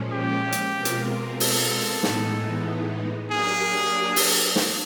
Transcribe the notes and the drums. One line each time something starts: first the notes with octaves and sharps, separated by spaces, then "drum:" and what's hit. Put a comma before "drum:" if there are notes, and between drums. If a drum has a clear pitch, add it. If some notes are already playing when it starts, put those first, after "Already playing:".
Already playing: A#2 F3 G#3 C#4
G4
drum: hi-hat
B2 G#3 C4 F4 A#4
drum: hi-hat
A4, drum: open hi-hat
A2 E3 G#3 B3 D#4, drum: snare
F#3 A#3 D4 G4 G#4 A#4
drum: open hi-hat
drum: snare